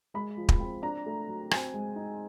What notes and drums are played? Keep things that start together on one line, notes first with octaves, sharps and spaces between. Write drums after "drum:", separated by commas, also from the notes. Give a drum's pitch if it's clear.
G#3 B5
F3
drum: kick
C4
D4 A#5
A3
F#3
C4 G#5, drum: rim click
G#3
D#4